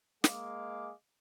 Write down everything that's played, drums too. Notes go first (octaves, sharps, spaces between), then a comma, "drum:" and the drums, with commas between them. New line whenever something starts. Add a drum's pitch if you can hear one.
G#3 A#3 G#4 D#5 F5 D6, drum: snare